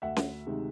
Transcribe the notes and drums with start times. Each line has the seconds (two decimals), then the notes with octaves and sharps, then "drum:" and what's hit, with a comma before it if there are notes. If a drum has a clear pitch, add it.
0.02 D2 E5 F#5
0.16 drum: snare C#4
0.46 C3 D#3 G#3